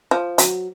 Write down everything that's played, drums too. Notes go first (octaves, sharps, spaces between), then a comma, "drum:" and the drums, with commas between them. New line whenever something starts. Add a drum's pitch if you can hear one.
F3
F#3, drum: hi-hat